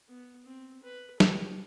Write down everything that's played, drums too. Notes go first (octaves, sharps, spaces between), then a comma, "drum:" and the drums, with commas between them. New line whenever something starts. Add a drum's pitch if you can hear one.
B3
C4
B4
G4, drum: snare